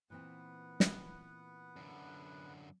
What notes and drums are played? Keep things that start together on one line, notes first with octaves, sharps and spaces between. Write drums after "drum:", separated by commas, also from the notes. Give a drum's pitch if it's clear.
A#2 E3 B3 C4 B4 F#5
drum: snare
F#2 D3